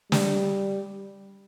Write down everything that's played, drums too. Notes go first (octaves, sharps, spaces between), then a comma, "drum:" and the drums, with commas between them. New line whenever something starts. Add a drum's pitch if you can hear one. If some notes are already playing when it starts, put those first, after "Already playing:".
G3, drum: snare